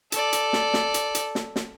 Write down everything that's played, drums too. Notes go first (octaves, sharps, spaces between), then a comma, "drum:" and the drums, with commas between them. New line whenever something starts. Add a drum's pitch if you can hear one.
A4 D5, drum: hi-hat
drum: hi-hat
drum: snare
drum: snare
drum: hi-hat
drum: hi-hat
drum: snare
drum: snare